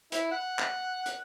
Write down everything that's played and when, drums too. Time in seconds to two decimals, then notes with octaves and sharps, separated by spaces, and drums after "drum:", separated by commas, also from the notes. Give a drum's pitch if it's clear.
0.12 E4, drum: hi-hat
0.31 F#5
0.59 drum: clap
1.06 drum: hi-hat